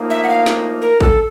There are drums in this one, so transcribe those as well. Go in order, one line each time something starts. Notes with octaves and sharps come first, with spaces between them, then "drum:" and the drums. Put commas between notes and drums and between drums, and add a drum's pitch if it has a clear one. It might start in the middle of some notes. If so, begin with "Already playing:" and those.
Already playing: A2 F3 A#3 D#4
E5
F#5
F5
drum: snare
A#4
A4, drum: kick